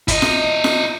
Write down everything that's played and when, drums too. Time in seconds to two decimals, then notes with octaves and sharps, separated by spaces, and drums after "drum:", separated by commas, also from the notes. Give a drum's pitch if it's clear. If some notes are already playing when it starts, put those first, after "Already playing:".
0.08 E4 D#5, drum: kick, hi-hat
0.22 drum: snare
0.64 drum: snare